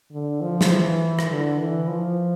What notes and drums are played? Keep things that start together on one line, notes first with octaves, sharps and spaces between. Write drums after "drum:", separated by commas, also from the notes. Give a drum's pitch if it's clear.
D3
F3
drum: snare
E3
drum: rim click
D3
E3
F3